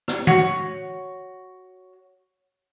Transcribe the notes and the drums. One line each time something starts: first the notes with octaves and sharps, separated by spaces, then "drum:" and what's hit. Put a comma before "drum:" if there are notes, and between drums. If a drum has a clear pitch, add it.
drum: rim click
F#4 C#5, drum: tom